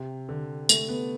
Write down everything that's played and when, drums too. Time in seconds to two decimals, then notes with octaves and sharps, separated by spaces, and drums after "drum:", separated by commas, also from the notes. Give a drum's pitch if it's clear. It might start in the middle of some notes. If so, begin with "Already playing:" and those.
Already playing: C3
0.29 D3
0.69 A3, drum: tambourine
0.89 B3